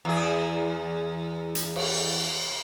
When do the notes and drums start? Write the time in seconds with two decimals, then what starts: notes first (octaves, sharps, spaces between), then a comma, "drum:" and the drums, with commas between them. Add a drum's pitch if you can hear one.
0.05 E2 G#4
1.55 drum: hi-hat
1.76 drum: cymbal